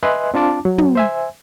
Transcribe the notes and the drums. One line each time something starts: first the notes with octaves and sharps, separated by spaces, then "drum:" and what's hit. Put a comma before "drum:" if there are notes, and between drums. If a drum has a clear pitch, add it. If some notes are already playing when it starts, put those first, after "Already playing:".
B4 D#5 E5 G#5 C6 F#6
C4 D4 F4 A5 D6
F#3
drum: tom
C5 E5 G#5